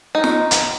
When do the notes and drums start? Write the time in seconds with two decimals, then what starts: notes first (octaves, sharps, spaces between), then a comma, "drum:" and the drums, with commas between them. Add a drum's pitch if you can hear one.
0.15 D#4
0.24 drum: snare
0.51 drum: hi-hat